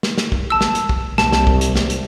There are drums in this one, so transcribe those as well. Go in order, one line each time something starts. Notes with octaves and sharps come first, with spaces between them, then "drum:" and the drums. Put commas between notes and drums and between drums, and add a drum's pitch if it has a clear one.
drum: snare
drum: snare
drum: kick
A5 E6
drum: snare
drum: hi-hat
drum: kick
C2 A5, drum: snare
drum: snare
drum: kick
drum: hi-hat
drum: snare
drum: hi-hat